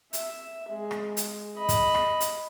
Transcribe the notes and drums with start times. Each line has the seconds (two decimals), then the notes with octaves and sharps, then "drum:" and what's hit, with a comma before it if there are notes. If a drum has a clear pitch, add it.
0.13 E5, drum: hi-hat
0.69 G#3 G#4
0.91 drum: rim click
1.17 drum: hi-hat
1.56 D#5 B5
1.69 drum: kick, hi-hat
1.95 drum: rim click
2.20 drum: hi-hat